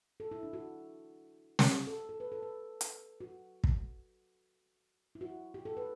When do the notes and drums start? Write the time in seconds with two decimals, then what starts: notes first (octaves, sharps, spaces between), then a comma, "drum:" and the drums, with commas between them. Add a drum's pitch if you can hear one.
0.20 A4
0.31 E4
0.43 D4
0.53 F#4
1.59 drum: snare
1.87 A4
2.09 A4
2.20 B4
2.32 A4
2.43 B4
2.81 drum: hi-hat
3.21 F#4
3.64 drum: kick
5.15 E4
5.21 F#4
5.54 G4
5.65 A4
5.77 B4